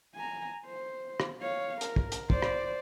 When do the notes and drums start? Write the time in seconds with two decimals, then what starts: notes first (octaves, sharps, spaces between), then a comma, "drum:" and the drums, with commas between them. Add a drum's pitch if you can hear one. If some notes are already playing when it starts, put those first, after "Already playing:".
0.15 G#5 A#5
0.66 C5
1.20 drum: rim click
1.41 C#5 F5
1.81 A#4, drum: hi-hat
1.96 drum: kick
2.12 drum: hi-hat
2.30 C5 D5, drum: kick
2.42 drum: rim click